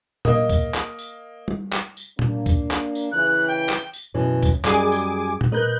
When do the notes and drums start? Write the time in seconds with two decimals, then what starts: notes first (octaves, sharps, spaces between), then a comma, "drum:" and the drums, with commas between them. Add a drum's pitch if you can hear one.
0.25 A#3 D#5, drum: tom A#2
0.49 drum: kick, tambourine
0.74 drum: clap
0.99 drum: tambourine
1.48 drum: tom
1.72 drum: clap
1.97 drum: tambourine
2.19 A#3 D4, drum: tom A#2
2.46 drum: kick, tambourine
2.71 drum: clap
2.95 drum: tambourine
3.12 C#3 E3 F#6
3.48 G5
3.69 drum: clap
3.93 drum: tambourine
4.14 F#2 B2 E3
4.43 drum: kick, tambourine
4.64 F#2 G3 G#4 D#5 G#5 D6, drum: clap
4.92 drum: tambourine
5.41 drum: tom A#2
5.52 A#4 B4 D#5 F#6 G6